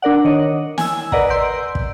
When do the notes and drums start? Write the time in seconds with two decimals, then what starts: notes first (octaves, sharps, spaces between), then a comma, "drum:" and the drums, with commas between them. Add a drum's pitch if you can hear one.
0.02 D4 A#4 D5 F#5
0.25 D#3 C#5 D#5
0.78 G#5 E6, drum: snare
1.12 A#4 B4 D5 D#5 F#5 A#5, drum: kick
1.30 D5 C6 E6 G6 D7
1.75 drum: kick